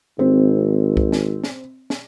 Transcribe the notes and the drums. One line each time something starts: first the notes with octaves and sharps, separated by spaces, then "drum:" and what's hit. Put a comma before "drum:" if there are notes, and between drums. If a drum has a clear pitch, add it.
G#1 C4
drum: kick C2
drum: snare
drum: snare
drum: snare